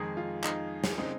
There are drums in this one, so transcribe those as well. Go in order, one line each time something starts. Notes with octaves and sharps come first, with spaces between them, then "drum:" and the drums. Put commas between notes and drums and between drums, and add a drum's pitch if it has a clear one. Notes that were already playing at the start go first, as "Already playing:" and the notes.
Already playing: F2 D#3 G#3 D#4 G#4
F4
D#4, drum: clap
drum: snare
C#3 G#3 C4 D#4